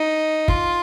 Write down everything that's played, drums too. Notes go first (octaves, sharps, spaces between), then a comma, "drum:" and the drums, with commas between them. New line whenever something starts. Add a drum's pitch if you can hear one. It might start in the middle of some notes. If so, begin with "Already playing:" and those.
Already playing: D#4
F4, drum: kick